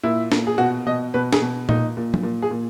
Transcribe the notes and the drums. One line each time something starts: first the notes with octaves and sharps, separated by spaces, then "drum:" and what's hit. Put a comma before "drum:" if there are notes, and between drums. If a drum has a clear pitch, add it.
A#2 E4
A#2, drum: snare
G#4
B2 F#4
B2 D#5
B2 B4
G#4, drum: snare
B2
A#2 D#4, drum: tom A#2
A#2
drum: tom
A#2
G#4
A#2